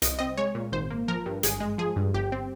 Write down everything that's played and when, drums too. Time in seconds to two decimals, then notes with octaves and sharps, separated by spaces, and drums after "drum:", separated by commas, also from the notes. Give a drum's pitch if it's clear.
0.02 C2 D#5, drum: hi-hat
0.19 C4 D#5
0.37 G#3 C#5
0.55 A#2
0.72 G#1 C5
0.91 A#3
1.08 F3 A#4
1.26 G2
1.43 G#1 G#4, drum: hi-hat
1.60 G#3
1.78 F3 G#4
1.96 G2
2.14 G1 G4
2.32 C4